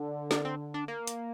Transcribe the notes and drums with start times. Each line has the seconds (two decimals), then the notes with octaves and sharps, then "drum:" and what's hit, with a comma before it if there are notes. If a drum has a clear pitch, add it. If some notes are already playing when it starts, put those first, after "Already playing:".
Already playing: D3
0.31 D4, drum: snare
0.45 C4
0.74 D4
0.88 A#3
1.07 drum: hi-hat